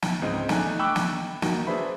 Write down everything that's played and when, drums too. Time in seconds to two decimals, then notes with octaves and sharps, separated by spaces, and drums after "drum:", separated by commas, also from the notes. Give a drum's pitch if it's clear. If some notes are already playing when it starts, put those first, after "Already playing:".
0.02 drum: snare
0.22 C#2 G#2 C4 D#5
0.49 A3 D4 D#4 G#5 F#6, drum: snare
0.79 G5 B5 C#6 D6 E6 F#6
0.96 drum: snare
1.42 A#3 D#4 F#4, drum: snare
1.67 D4 G#4 B4 C5 E5 B5